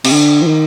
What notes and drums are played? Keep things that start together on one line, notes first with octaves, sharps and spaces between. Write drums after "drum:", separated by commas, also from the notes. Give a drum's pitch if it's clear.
C3, drum: cymbal
D3
F3
D#3